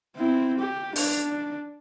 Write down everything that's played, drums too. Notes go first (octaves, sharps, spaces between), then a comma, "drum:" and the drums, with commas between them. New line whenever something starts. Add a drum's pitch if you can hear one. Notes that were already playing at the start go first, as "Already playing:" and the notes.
C4 E4
G4
D4, drum: open hi-hat